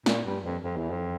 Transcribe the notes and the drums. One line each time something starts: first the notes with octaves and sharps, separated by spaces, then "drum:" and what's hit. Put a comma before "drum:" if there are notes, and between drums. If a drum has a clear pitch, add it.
A#2, drum: snare
G2
F2
F2
E2
F2